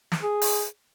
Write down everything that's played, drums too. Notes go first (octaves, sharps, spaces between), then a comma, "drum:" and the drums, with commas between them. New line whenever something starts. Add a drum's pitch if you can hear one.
drum: snare
G#4
drum: open hi-hat